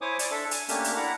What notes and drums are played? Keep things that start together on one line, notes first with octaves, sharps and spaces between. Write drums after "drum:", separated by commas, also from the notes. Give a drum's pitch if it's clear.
E4 C5 C#5 G#5 D6 D#6
D5, drum: hi-hat
D4 A4 E5
G#5, drum: hi-hat
A3 A#3 C#4 D4 G4, drum: hi-hat
drum: hi-hat
D4 E4 F#5 A#5